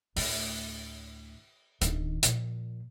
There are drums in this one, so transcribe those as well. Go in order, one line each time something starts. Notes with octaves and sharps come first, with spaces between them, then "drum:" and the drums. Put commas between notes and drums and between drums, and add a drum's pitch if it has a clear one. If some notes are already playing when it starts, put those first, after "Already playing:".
D2 A2, drum: open hi-hat
D1 D#3, drum: hi-hat
A#2 F3, drum: hi-hat